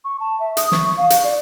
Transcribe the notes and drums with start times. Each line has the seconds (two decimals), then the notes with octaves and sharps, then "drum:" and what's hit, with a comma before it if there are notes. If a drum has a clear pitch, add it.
0.05 C#6
0.20 A5
0.40 E5
0.57 D#6, drum: hi-hat
0.72 C#6, drum: snare
0.97 F5
1.10 drum: hi-hat
1.24 D5